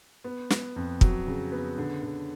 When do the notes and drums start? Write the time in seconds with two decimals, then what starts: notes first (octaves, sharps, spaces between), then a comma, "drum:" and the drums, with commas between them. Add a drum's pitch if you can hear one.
0.24 B3
0.50 B3, drum: snare
0.76 F2
1.01 F#3, drum: kick
1.27 C#3
1.52 B3
1.78 D3
2.03 D3